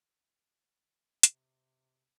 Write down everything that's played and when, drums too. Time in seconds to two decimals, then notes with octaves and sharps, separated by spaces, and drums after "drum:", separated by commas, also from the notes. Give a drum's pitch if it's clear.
1.23 C3, drum: hi-hat